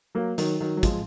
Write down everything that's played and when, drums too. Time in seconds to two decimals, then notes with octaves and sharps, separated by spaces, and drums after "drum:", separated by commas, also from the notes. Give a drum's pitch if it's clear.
0.15 F#3 A#3
0.38 D#3 F#3, drum: hi-hat
0.60 D#3 F#3
0.77 F#3
0.83 F3 G#3, drum: kick, hi-hat